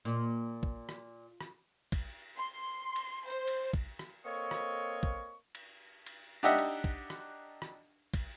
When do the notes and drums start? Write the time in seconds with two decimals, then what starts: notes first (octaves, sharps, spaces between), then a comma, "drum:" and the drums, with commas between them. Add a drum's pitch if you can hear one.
0.05 A#2
0.63 drum: kick
0.89 drum: rim click
1.41 drum: rim click
1.92 drum: kick, cymbal
2.36 C6
2.96 drum: cymbal
3.26 C5
3.48 drum: cymbal
3.73 drum: kick
3.99 drum: rim click
4.25 A#3 C4 A4 C#5 D#5 C#6
4.51 drum: rim click
5.03 drum: kick
5.55 drum: cymbal
6.06 drum: cymbal
6.43 D4 D#4 G4 D#5 E5 F#5
6.58 drum: cymbal
6.84 drum: kick
7.10 drum: rim click
7.62 drum: rim click
8.14 drum: kick, cymbal